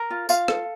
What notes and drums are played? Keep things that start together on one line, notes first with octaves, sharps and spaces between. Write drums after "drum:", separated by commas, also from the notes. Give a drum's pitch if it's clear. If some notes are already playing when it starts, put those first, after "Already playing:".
Already playing: A#4
F4
F4 F5, drum: tambourine
A4, drum: rim click